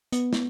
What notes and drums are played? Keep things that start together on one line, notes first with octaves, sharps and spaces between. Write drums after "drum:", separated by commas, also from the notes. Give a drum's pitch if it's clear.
B3, drum: hi-hat
drum: snare